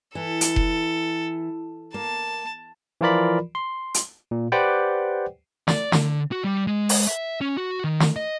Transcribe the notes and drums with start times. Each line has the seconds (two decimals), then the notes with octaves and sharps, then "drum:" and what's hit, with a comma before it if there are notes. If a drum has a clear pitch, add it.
0.15 E3 A4
0.41 drum: hi-hat
0.56 drum: kick F1
1.94 A#3 A5
3.01 E3 F3 F4 A#4 D5 B5
3.55 C6
3.94 drum: hi-hat
4.31 A#2
4.52 G4 B4 C5 D5 F#5 G5
5.68 D5, drum: snare
5.92 D3, drum: snare
6.32 F#4
6.44 G3
6.67 G#3
6.89 drum: open hi-hat
7.07 E5
7.41 C#4
7.57 F#4
7.84 D#3
8.00 drum: snare
8.16 D#5